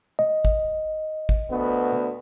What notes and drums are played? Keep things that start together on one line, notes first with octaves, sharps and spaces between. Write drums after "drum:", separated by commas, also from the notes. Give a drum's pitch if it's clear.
D#5
drum: kick
drum: kick
D2 B3